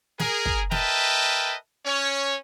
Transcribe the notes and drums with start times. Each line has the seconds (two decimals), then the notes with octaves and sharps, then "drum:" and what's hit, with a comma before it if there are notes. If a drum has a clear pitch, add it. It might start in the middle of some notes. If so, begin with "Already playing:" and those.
0.19 G#4 A#4, drum: snare
0.45 drum: kick
0.71 A#4 B4 D#5 E5 G5 A5, drum: snare
1.86 C#4 C#5